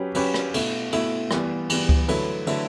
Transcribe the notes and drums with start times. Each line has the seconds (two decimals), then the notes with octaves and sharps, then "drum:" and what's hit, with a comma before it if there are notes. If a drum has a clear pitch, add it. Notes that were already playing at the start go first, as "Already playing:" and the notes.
Already playing: F#3 C#4 G4 B4
0.15 F#3 C#4 G4 B4, drum: cymbal
0.34 drum: rim click
0.54 B2 A3 E4, drum: cymbal
0.92 B2 A3 E4, drum: cymbal
1.31 E3 G3 B3, drum: rim click
1.70 E3 G3 B3, drum: cymbal
1.89 drum: kick C#2
2.08 D3 F#3 A3 E4 B4, drum: cymbal
2.47 D3 F#3 A3 E4 B4, drum: cymbal